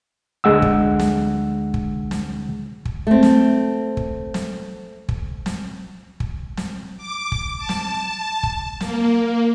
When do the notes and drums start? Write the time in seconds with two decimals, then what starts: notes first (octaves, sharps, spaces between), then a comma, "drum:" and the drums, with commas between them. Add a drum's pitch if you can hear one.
0.44 D2 D3 G#3 F#5 E6
0.62 drum: kick
0.99 drum: snare
1.74 drum: kick
2.11 drum: snare
2.85 drum: kick
3.07 A3 C4
3.23 drum: snare
3.97 drum: kick
4.34 drum: snare
5.09 drum: kick
5.46 drum: snare
6.20 drum: kick
6.57 drum: snare
6.97 D6
7.32 drum: kick
7.58 A5
7.69 drum: snare
8.43 drum: kick
8.80 A#3, drum: snare